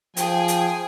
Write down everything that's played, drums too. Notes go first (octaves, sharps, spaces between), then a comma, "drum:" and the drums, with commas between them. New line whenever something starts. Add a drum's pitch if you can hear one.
F3 G#4 G5 G#5, drum: hi-hat
drum: hi-hat